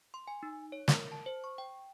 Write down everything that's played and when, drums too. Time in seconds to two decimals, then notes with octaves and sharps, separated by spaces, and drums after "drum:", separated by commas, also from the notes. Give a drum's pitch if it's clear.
0.14 C6
0.28 G#5
0.43 D#4
0.72 C#5
0.88 A#4, drum: snare
1.12 A5
1.26 C5
1.44 C#6
1.58 G5